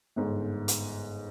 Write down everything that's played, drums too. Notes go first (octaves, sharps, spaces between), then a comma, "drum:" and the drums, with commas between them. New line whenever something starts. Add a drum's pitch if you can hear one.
G1 G#2
drum: hi-hat